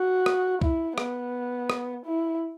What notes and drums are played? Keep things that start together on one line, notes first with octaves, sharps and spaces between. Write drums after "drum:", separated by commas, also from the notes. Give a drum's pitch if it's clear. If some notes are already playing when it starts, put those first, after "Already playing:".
Already playing: F#4
drum: rim click
E4, drum: kick C2
B3, drum: rim click
drum: rim click
E4